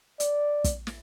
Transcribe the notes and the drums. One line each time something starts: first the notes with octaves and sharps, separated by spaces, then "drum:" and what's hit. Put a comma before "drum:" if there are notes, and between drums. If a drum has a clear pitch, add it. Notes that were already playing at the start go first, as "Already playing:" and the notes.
D5, drum: hi-hat
drum: kick, hi-hat
drum: snare